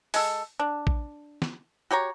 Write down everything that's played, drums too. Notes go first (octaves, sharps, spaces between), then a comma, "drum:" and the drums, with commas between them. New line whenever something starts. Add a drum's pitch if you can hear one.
G#3 A4, drum: open hi-hat
D4
drum: kick A1
drum: snare
F#4 G4 C#5 A#5